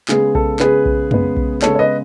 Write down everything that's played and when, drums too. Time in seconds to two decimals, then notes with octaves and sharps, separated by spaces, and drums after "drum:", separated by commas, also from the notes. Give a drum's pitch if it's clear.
0.09 C#3 G#3 B3 G#4, drum: clap
0.35 A4, drum: kick B1
0.60 C#3 G#3 B3 G#4 B4, drum: clap
0.86 drum: kick B1
1.11 C#3 G#3 B3, drum: tom
1.37 drum: kick B1
1.62 C#3 G#3 B3 A4 C#5, drum: clap
1.75 C#5
1.79 B4 D#5